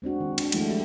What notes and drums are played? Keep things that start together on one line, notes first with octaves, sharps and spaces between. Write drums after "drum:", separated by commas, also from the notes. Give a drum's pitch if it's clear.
G#3 C4 D4 F#4
D#3
D4, drum: cymbal
D#3 F3 G#3 A3 D4 E4, drum: cymbal
G4